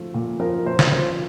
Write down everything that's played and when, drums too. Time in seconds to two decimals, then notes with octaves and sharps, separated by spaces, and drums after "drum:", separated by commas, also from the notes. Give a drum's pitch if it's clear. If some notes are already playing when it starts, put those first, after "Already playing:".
Already playing: F3 A3
0.14 A#2
0.40 F3 A#4
0.66 A#2 C5
0.79 drum: snare
0.92 F3 C5